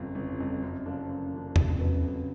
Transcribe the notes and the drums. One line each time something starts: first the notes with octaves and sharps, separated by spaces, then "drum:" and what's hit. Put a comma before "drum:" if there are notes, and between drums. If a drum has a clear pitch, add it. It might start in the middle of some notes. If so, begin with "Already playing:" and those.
Already playing: G1 F2 C#3
G1
F2 C#3
F#2
C#3 F3 A#3 D4
F#2
C#3 F3 A#3 D4
F2, drum: tom E2
C#3 F#3 B3
F2